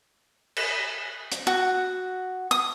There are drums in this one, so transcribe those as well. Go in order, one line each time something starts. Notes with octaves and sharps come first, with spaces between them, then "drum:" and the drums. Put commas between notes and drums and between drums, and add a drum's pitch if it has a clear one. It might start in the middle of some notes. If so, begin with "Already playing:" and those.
drum: cymbal
drum: hi-hat
F#4
D#6